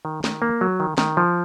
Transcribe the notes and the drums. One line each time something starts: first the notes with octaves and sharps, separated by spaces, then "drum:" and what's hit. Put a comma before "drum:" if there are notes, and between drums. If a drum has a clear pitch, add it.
D#3
D#3, drum: snare
A#3
F#3
D#3
D#3, drum: snare
F3